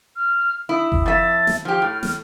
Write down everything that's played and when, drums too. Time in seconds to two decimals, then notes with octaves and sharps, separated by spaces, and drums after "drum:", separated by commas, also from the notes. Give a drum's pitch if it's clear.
0.16 F6
0.69 E4 D#6
0.92 drum: kick F#1
1.06 F2 E5 A6
1.47 drum: snare
1.65 F3 G4 F6
1.82 A2
2.03 drum: snare